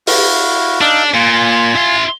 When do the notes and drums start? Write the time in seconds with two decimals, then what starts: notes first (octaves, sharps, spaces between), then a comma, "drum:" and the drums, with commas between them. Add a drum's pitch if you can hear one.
0.07 E4 F#4 F5, drum: open hi-hat
0.81 D4 D#4 F5 E6
1.14 A#2 F4 G#5
1.76 E4 C6